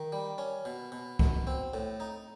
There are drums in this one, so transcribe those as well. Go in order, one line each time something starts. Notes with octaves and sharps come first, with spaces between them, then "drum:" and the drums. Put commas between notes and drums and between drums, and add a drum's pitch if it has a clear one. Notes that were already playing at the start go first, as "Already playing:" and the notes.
Already playing: D#3
G3
C#4
B2
B2
B2, drum: kick C2
C4
A2
D#4